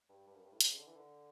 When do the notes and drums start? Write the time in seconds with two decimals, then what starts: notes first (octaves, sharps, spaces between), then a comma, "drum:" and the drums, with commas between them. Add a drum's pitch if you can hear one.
0.09 G2
0.27 G2
0.35 F#2
0.43 G2
0.52 A2
0.61 B2, drum: hi-hat
0.70 C#3
0.78 D3
0.87 E3
0.95 D3